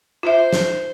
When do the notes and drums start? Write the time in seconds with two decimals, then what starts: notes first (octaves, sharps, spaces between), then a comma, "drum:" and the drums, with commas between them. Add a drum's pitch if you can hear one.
0.23 F4 C5 E5
0.53 drum: snare